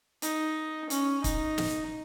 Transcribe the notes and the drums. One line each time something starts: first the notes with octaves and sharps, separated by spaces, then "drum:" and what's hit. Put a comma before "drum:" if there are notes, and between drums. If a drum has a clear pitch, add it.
D#4, drum: hi-hat
C#4, drum: hi-hat
D#4, drum: kick, hi-hat
drum: snare